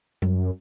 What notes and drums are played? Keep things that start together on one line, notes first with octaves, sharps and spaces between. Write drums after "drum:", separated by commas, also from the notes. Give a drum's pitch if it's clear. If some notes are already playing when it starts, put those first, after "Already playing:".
F#2, drum: tom G3